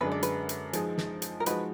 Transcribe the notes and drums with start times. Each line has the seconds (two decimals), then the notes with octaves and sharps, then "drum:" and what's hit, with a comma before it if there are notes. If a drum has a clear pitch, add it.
0.01 F#2 D3 G#3 D4 G#4 B4
0.12 D5
0.23 B4, drum: hi-hat
0.49 drum: hi-hat
0.73 F3 G#3 D#4 G#4, drum: hi-hat
0.98 drum: snare
1.22 drum: hi-hat
1.40 A#4
1.46 F3 G#3 D#4 F#4 B4, drum: hi-hat